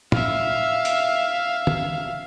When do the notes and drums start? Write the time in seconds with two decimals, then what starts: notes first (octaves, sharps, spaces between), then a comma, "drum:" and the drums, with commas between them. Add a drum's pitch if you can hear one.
0.12 E5 F5, drum: tom
0.85 drum: hi-hat
1.67 drum: tom